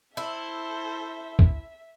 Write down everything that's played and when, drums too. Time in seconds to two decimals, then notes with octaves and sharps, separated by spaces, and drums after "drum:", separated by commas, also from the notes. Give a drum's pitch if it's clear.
0.17 E4 A4 C5 E5
1.39 drum: kick C#2